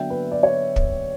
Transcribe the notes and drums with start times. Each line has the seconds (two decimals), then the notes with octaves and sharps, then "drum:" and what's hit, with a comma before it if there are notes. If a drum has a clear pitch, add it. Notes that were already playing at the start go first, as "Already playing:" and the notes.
Already playing: D3 F#3 B3 D4 E5 G5
0.10 B4
0.32 D5
0.43 C#5
0.76 drum: kick